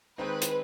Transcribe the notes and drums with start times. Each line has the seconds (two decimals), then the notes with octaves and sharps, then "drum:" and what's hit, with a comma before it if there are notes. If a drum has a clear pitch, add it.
0.18 D#3 G#3 C4 D#4 B4
0.42 drum: hi-hat